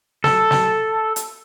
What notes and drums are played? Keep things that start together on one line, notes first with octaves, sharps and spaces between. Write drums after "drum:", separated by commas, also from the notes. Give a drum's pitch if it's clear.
A4, drum: snare
drum: snare
drum: hi-hat